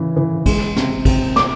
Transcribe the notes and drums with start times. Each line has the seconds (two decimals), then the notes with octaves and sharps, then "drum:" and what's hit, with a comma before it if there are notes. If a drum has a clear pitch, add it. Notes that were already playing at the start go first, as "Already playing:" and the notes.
Already playing: C#3 E3
0.16 E3
0.46 G#3, drum: kick, cymbal
0.76 C3, drum: snare
1.05 C3, drum: kick, cymbal
1.36 D6, drum: snare